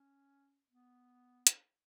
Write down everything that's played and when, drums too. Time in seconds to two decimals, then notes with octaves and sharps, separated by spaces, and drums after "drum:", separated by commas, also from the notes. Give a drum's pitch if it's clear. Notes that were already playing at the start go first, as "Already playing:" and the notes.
Already playing: C#4
0.71 B3
1.47 drum: hi-hat